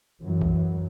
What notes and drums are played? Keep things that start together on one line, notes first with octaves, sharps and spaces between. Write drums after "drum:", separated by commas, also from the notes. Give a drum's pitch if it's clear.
F#2 E3 F#3
drum: kick B1